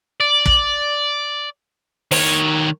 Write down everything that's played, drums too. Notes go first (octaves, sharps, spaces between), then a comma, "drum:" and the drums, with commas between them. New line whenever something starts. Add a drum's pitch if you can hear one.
D5
drum: kick
D#3 C#5, drum: open hi-hat